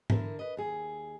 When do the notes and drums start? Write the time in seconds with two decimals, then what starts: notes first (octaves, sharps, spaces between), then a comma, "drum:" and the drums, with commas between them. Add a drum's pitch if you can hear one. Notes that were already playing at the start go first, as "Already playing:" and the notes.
0.10 D3 E4 A#4, drum: tom G#2
0.39 B4 D#5
0.57 D#2 G#4